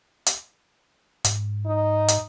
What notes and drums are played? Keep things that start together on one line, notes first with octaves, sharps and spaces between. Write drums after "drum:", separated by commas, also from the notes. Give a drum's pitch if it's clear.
drum: hi-hat
G#2, drum: hi-hat
D#4
drum: hi-hat